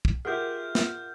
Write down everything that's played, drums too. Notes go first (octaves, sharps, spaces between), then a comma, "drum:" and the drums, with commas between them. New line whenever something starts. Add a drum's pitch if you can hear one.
drum: kick
F4 G4 G#4 A#4 E5 F#5 F6 G6
drum: snare